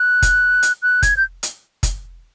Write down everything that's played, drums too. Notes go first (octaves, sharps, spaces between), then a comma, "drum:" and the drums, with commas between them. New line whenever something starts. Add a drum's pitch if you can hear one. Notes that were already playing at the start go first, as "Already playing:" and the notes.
Already playing: F#6
drum: kick F#1, hi-hat
drum: hi-hat
F#6
G#6, drum: kick F#1, hi-hat
G6
drum: hi-hat
drum: kick F#1, hi-hat